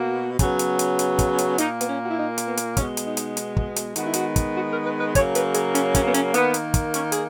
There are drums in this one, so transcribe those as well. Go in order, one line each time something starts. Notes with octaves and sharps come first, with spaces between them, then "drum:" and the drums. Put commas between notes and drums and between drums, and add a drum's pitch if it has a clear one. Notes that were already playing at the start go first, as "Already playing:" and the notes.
Already playing: B2 A#3 F#4
C#3 F#3 B3, drum: kick, hi-hat
drum: hi-hat
drum: hi-hat
drum: hi-hat
drum: kick, hi-hat
drum: hi-hat
A#2 A#3 D#4, drum: hi-hat
B3, drum: hi-hat
C#4
F#4
E4
D#4
drum: hi-hat
B3
drum: hi-hat
B2 G#3 B3 C#4, drum: kick, hi-hat
drum: hi-hat
D#4
drum: hi-hat
drum: hi-hat
drum: kick
drum: hi-hat
D#3 G#3 B3 F#4, drum: hi-hat
E4
F#4, drum: hi-hat
drum: kick, hi-hat
F#4
A#4
B4
B4
C#3 F#3 A#3 C#5, drum: kick, hi-hat
B4, drum: hi-hat
G#4, drum: hi-hat
C#4, drum: hi-hat
C#4, drum: kick, hi-hat
B3
C#4, drum: hi-hat
D#3 A#3 B3, drum: hi-hat
drum: hi-hat
drum: kick, hi-hat
C#4, drum: hi-hat
G#4, drum: hi-hat